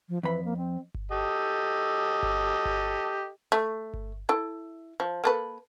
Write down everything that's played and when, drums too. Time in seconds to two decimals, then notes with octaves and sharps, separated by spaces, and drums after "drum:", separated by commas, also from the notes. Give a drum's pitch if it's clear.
0.09 F3
0.23 F2 E3 B5
0.45 A#3
0.57 C4
0.94 drum: kick G1
1.11 G4 A4 D#5
2.23 drum: kick G1
2.65 drum: kick G1
3.52 A3
3.94 drum: kick G1
4.29 E4 A4
5.00 F3
5.24 A#3 A4 B4